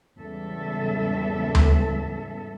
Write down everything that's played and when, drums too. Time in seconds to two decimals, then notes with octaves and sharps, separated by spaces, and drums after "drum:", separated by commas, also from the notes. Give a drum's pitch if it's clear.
0.19 E2 G#2 C#3 G3 A4 E5
1.55 drum: tom D2